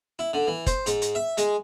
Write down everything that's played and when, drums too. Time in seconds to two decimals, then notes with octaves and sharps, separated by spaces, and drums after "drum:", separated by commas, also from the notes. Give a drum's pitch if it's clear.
0.19 E4
0.33 D3
0.47 E3
0.67 C5, drum: kick, hi-hat
0.86 G#2, drum: hi-hat
1.02 drum: hi-hat
1.15 E5
1.37 G#3, drum: hi-hat